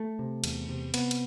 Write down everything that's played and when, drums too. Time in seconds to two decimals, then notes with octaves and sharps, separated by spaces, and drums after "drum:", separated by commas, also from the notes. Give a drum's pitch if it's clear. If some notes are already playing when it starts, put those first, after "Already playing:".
Already playing: A3
0.19 C3
0.44 E2, drum: cymbal
0.69 C3
0.94 C3 B3, drum: cymbal
1.11 drum: cymbal